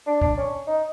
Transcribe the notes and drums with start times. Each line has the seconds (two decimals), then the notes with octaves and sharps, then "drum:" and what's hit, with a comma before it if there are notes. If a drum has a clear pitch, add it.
0.06 D4
0.21 D4, drum: kick
0.37 C#4
0.67 D#4